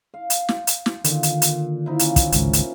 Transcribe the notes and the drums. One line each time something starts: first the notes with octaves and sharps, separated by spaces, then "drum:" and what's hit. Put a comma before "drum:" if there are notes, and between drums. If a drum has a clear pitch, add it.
F5
drum: hi-hat
drum: snare
drum: hi-hat
drum: snare
A#2 D3 D#3, drum: hi-hat
drum: hi-hat
drum: hi-hat
F3 D#4 E4
A#3 C#4, drum: hi-hat
drum: kick, hi-hat
G#1 C#2, drum: hi-hat
drum: hi-hat